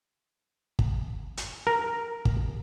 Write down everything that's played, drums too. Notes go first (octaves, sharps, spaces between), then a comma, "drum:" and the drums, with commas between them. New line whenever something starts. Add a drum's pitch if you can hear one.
drum: kick
drum: hi-hat
A#4
drum: kick